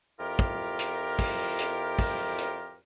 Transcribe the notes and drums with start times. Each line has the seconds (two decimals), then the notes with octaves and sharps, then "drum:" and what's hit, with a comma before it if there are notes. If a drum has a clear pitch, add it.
0.19 F2 E4 F4 G4 A#4
0.39 drum: kick
0.79 drum: hi-hat
1.19 drum: kick, open hi-hat
1.59 drum: hi-hat
1.99 drum: kick, open hi-hat
2.38 drum: hi-hat